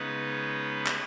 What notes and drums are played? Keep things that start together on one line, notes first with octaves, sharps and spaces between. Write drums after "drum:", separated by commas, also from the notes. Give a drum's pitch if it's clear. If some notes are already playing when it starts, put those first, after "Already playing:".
Already playing: C#3 G#3 B3 D#4 B4
drum: clap